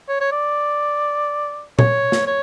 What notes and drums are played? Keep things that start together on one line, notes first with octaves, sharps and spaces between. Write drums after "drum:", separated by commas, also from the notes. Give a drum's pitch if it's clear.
C#5
C#5
D5
C#5, drum: tom A#2
drum: snare
C#5